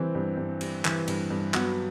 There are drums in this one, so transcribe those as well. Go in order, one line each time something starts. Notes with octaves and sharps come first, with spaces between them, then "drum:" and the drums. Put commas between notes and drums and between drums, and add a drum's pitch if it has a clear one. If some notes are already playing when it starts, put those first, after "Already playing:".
Already playing: E3 G3 C4
G2
G2
G3, drum: cymbal
E3, drum: clap
G2, drum: cymbal
G2
F#3 B3, drum: clap